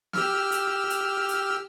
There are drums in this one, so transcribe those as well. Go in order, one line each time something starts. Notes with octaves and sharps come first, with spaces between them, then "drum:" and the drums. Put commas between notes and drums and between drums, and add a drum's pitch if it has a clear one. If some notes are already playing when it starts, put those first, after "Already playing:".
G4 E6 F6, drum: snare
drum: hi-hat
drum: hi-hat
drum: hi-hat